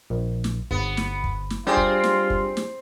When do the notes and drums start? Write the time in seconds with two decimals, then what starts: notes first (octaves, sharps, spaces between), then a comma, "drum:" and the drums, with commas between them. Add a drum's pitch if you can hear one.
0.10 A#1
0.44 drum: snare
0.71 G1 B3, drum: kick
0.97 drum: snare
1.24 drum: kick
1.50 drum: snare
1.67 G3 C4 D4 F4 G4 G#4
1.77 drum: kick
2.04 drum: snare
2.30 drum: kick
2.57 drum: snare